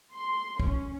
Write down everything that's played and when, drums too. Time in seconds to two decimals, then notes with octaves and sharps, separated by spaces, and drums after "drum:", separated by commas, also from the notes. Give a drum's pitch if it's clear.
0.14 C6
0.60 C#4, drum: kick